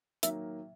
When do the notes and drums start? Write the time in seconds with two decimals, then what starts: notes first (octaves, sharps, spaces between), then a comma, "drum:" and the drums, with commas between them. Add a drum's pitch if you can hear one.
0.23 D#3 F#3 A#3 E5, drum: hi-hat